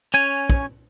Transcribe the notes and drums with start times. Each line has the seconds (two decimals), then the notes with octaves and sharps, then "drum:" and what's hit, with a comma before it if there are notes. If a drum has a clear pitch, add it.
0.14 C#4 C#5 G#5
0.50 drum: kick